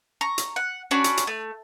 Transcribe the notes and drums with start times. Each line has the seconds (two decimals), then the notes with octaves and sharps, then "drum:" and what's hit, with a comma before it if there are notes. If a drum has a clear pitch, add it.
0.21 A#5 C#6
0.38 drum: hi-hat
0.56 F#5
0.91 C#4 D4 F#4 B5
1.04 drum: hi-hat
1.17 drum: hi-hat
1.27 A3